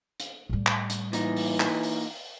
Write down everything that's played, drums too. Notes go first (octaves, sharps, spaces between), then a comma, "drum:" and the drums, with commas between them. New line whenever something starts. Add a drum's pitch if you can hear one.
drum: hi-hat
A2 G3
drum: clap
drum: hi-hat
A#2 E3 D#4, drum: hi-hat
drum: open hi-hat
drum: clap
drum: open hi-hat